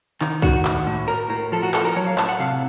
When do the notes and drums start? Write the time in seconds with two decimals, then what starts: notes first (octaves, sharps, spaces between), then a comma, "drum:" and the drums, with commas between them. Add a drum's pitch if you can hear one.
0.21 D#3, drum: clap
0.42 D#3 F#4, drum: kick
0.65 A2, drum: clap
0.87 A2
1.08 A2 A#4
1.30 A2 A#4
1.52 F3 A4
1.63 F#4
1.74 F3 A4, drum: clap
1.85 A#4
1.96 F#3 C#5
2.07 F5
2.18 A2 A5, drum: clap
2.29 F#5
2.39 C3 F5